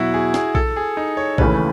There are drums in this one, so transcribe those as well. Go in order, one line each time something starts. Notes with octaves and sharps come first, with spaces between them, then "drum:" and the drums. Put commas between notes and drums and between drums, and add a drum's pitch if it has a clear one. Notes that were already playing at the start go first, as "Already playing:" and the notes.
Already playing: E2 B2 F#3 E4 F#4
G#4
G#4, drum: snare
A4, drum: kick B1
G#4
D#4
C#5
D#2 C#3 E3 A3 C#4 B4, drum: kick B1